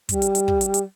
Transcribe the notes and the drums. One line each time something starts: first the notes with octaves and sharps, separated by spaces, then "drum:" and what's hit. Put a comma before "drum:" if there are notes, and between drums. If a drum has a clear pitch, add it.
G3, drum: kick, hi-hat
drum: hi-hat
drum: hi-hat
drum: kick
drum: hi-hat
drum: hi-hat